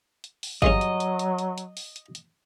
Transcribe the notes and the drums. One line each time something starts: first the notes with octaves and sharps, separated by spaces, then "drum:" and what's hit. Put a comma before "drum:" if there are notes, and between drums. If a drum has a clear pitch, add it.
drum: hi-hat
drum: open hi-hat
G2 F#3 G#3 C#4 D#5, drum: kick G1
drum: hi-hat
drum: hi-hat
drum: hi-hat
drum: hi-hat
drum: hi-hat
drum: open hi-hat
drum: hi-hat
drum: hi-hat